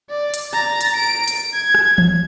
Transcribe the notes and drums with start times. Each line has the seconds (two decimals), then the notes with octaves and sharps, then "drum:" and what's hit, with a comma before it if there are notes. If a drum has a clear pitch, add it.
0.10 D5
0.34 drum: hi-hat
0.53 A#5 A6
0.81 drum: hi-hat
0.96 D7
1.28 drum: hi-hat
1.54 G#6
1.75 drum: rim click
1.98 drum: tom E3